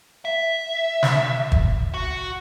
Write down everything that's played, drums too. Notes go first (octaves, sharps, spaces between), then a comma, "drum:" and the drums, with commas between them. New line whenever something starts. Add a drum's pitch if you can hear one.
E5
drum: snare
drum: kick
F#4